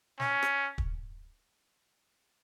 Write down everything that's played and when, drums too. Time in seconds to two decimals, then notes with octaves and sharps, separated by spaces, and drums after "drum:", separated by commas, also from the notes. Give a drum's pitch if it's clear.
0.20 C#4, drum: snare
0.43 drum: rim click
0.78 drum: kick